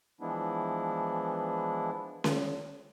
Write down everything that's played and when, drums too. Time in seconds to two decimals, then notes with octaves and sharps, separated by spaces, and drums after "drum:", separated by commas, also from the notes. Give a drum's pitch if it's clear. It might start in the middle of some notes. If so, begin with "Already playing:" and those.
0.21 E3 F3 G#3 B3 D4 E4
2.24 drum: snare C#4